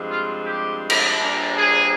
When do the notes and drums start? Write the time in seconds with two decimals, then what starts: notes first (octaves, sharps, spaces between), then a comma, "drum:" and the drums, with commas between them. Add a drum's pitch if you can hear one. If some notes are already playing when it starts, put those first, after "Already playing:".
Already playing: G2 F3 G#3 C4
0.09 F4
0.45 G4
0.90 drum: cymbal
1.18 A#2 G3 D4
1.55 G#4